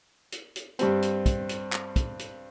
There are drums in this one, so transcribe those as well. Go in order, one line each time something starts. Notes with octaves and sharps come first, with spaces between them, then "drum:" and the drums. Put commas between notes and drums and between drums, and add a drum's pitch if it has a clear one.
drum: hi-hat
drum: hi-hat
G2 G3 C4, drum: hi-hat
drum: hi-hat
drum: kick, hi-hat
drum: hi-hat
drum: clap
drum: kick, hi-hat
drum: hi-hat